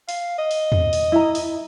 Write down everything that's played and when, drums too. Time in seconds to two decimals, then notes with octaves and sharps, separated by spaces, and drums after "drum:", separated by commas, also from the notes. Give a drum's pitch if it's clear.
0.09 F5, drum: open hi-hat
0.38 D#5
0.51 drum: open hi-hat
0.72 drum: tom E2
0.93 drum: open hi-hat
1.12 E4 A#5
1.35 drum: open hi-hat